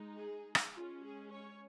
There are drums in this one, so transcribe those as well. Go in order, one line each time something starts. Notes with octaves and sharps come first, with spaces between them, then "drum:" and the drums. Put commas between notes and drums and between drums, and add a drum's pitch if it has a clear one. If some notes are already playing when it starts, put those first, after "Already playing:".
Already playing: G#3 D#4
G#4
drum: rim click
G#3 C#4 F4
G#4
C#5